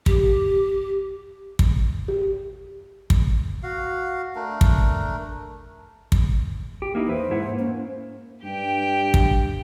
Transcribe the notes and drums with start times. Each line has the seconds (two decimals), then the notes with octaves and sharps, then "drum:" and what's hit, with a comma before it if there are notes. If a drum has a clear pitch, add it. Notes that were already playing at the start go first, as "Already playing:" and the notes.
0.06 G4, drum: kick
1.59 drum: kick
2.08 G4
3.10 drum: kick
3.63 F#4 F5
4.36 A3 D4 A#4
4.61 drum: kick
6.12 drum: kick
6.82 G4
6.95 A#3 D#4 E4
7.08 E2 B4 C5
7.30 G#2 E4 F#5
7.44 A#3
7.59 C#4
8.44 G2 G4 G5
9.14 drum: kick